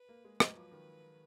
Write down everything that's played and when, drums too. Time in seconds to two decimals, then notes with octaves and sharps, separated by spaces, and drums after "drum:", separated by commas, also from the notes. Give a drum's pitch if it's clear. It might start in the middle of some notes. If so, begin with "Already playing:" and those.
Already playing: B4
0.09 A#3
0.25 G#3
0.40 F#3 B4, drum: rim click
0.56 F3
0.72 D#3